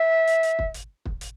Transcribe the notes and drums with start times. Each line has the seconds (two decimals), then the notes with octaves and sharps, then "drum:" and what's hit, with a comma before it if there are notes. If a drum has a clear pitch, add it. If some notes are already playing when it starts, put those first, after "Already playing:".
Already playing: E5
0.27 drum: hi-hat
0.43 drum: hi-hat
0.59 drum: kick
0.74 drum: hi-hat
1.05 drum: kick
1.21 drum: hi-hat